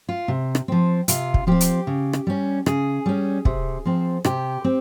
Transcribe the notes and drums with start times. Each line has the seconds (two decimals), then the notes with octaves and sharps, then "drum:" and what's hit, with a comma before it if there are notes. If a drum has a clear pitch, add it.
0.09 F4
0.28 C3
0.55 drum: rim click
0.68 F3 C4
1.08 C3 F4, drum: hi-hat
1.34 drum: kick
1.47 F3 C4 G4
1.60 drum: hi-hat
1.87 C#3
2.13 drum: rim click
2.27 G3 C#4
2.66 C#3 G#4, drum: rim click
3.06 G3 C#4
3.45 C3, drum: kick
3.85 F3 C4
4.25 C3 G4, drum: rim click
4.64 C4